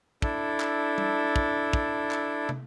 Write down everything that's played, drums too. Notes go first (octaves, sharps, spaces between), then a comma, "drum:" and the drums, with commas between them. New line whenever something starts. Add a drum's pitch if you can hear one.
D4 E4 A4, drum: kick
drum: clap
drum: tom G3
drum: kick
drum: kick
drum: clap
drum: tom